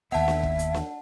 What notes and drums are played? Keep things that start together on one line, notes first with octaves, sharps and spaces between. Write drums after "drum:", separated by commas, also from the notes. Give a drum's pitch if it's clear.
D#2 B3 E5 F#5 A5
drum: snare
drum: kick
drum: hi-hat
drum: snare